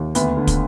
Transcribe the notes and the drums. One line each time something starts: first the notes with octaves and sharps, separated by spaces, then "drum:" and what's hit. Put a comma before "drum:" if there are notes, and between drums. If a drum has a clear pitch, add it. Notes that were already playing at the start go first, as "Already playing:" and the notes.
Already playing: D#2
D2 B3, drum: hi-hat
D3
drum: kick, hi-hat